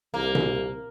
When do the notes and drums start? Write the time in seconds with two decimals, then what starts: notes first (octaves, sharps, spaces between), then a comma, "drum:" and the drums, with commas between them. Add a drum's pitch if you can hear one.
0.14 C2 A#3
0.35 drum: tom B2